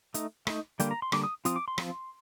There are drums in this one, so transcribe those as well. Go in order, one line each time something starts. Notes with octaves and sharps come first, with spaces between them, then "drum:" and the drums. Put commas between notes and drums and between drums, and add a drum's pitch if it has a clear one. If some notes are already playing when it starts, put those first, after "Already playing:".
A3 D#4, drum: hi-hat
A3 D#4, drum: rim click
D3 G3 A#3 G5, drum: hi-hat
A#5
C6
D3 G3 A#3 D6, drum: rim click
D#6
F3 C4 F4 D#6, drum: hi-hat
D6
C6
F3 C4 F4, drum: rim click